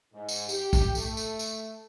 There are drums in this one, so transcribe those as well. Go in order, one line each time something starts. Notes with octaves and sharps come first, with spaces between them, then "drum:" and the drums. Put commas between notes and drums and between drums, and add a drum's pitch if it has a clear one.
G#2
drum: tambourine
G4, drum: tambourine
drum: kick, tambourine
A3, drum: tambourine
drum: tambourine
drum: tambourine